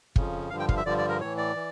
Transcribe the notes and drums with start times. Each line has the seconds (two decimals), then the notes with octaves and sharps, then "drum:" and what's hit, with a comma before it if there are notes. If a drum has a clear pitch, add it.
0.16 F2 C#3 F3, drum: kick
0.50 G2 D3 F3 F5
0.59 G5
0.69 F5, drum: kick
0.77 E5
0.85 G2 D3 F3 D5
0.98 D5
1.09 A#4
1.20 A2 E3 C#5
1.38 D5
1.55 E3